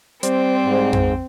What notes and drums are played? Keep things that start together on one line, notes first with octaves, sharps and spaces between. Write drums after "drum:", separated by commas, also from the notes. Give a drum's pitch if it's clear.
G3 C4 C5 D5, drum: hi-hat
G#2
drum: tom F2